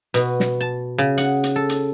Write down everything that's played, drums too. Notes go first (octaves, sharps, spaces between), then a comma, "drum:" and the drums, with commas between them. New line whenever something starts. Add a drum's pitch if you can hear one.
B2, drum: hi-hat
drum: snare
A5
C#3
F#5, drum: hi-hat
drum: hi-hat
A4
drum: hi-hat